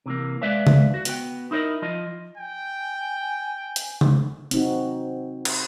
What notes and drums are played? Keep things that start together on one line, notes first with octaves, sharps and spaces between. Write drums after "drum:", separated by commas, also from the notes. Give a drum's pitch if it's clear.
C3 E3 A#3
G#3 B4 D5 E5 F5
drum: tom C#3
F#4
B3 F#4 G5, drum: hi-hat
D#4 E4 A#4 C5 D#5
F3 F4 D#5
G5 G#5
drum: hi-hat
drum: tom C#3
C4 D#4 F#4, drum: hi-hat
drum: cymbal